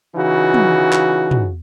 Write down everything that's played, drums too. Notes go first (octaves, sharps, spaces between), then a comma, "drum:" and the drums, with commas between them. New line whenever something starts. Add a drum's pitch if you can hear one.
C#3 E3 D#4 F4 F#4
drum: tom
drum: clap
drum: tom